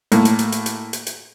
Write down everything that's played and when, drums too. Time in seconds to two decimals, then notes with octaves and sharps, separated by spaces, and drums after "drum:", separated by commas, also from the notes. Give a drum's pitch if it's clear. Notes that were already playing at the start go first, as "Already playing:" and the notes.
0.12 A2 A#3, drum: hi-hat
0.25 drum: hi-hat
0.39 drum: hi-hat
0.52 drum: hi-hat
0.66 drum: hi-hat
0.93 drum: hi-hat
1.07 drum: hi-hat